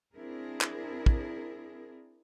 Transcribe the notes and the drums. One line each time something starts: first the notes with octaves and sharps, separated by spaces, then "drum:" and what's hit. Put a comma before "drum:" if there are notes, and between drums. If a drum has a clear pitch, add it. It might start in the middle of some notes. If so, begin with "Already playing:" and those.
C4 D4 E4 G#4 A#4
drum: clap
drum: kick